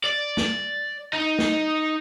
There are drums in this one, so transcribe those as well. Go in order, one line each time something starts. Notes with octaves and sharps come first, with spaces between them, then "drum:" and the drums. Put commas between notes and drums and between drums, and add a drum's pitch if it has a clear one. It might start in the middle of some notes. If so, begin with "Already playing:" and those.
D5
drum: snare
D#4
drum: snare